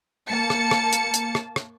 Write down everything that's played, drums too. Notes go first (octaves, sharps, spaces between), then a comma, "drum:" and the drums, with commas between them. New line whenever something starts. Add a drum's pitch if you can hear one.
A#3 A5 C#7
drum: rim click
drum: rim click
drum: hi-hat
drum: hi-hat
drum: rim click
drum: rim click